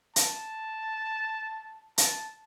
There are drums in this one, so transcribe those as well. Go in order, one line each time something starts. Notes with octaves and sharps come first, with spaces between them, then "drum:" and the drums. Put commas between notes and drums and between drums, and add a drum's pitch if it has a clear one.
A5, drum: hi-hat
A5, drum: hi-hat